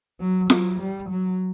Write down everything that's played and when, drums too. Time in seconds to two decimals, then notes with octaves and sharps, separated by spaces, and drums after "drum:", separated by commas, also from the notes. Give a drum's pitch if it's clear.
0.20 F#3
0.50 F#3, drum: snare F4
0.79 G3
1.10 F#3